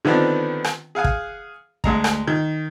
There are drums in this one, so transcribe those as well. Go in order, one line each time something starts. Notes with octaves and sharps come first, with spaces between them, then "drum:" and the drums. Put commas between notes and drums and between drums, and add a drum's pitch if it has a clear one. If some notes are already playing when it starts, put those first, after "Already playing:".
D3 D#3 F3 B3 C4 D4
drum: rim click
G#4 F5 F#5 G#5
drum: kick
D2 G#3 A#5, drum: kick
drum: rim click
D#3